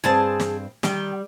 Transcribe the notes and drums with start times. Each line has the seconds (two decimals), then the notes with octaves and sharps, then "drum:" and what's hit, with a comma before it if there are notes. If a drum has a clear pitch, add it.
0.04 G2 C4 G#4 C5 A5
0.40 drum: snare
0.83 D#3 G3 G5, drum: snare